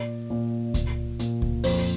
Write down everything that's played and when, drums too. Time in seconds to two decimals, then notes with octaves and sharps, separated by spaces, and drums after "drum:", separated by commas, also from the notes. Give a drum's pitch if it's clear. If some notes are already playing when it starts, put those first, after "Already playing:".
Already playing: A#2 D5
0.30 A#2
0.74 A#2, drum: kick C#2, hi-hat
1.19 A#2, drum: hi-hat
1.42 drum: kick C#2
1.64 F2 C5, drum: open hi-hat